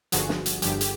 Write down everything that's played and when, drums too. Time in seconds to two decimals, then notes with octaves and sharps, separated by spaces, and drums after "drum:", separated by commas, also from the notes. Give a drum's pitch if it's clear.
0.12 G1 G2 D3 F3 F#4 G#4, drum: hi-hat
0.29 drum: snare
0.46 drum: hi-hat
0.62 G1 G2 D3 F3 G4, drum: hi-hat
0.81 G4, drum: hi-hat